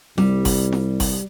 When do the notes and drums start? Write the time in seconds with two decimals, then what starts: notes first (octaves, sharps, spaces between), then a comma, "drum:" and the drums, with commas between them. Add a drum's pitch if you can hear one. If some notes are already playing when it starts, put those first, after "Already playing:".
0.18 C2 G3, drum: snare
0.45 drum: kick G1, open hi-hat
0.72 drum: snare
1.00 drum: kick G1, open hi-hat